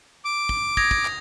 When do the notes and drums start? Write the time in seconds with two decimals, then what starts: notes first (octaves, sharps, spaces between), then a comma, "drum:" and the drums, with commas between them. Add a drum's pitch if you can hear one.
0.25 D6
0.49 drum: kick
0.77 D#6 G#6 A#6, drum: kick
0.91 drum: kick
1.05 drum: clap